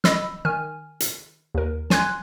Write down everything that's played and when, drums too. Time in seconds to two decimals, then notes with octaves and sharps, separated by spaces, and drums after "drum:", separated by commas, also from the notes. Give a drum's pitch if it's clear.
0.04 D#5 B5 E6, drum: snare
0.45 D#3 G#5 F6
1.00 drum: hi-hat
1.55 D#2 A#4
1.90 G#5 C6 F#6 G#6, drum: snare